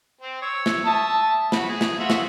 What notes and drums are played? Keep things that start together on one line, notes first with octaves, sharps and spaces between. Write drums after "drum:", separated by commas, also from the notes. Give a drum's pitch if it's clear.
C4
C#5 E6
drum: snare
E5 A5 D#6
F#4 B5, drum: snare
G#4
drum: snare
F4 F#4 E5
drum: snare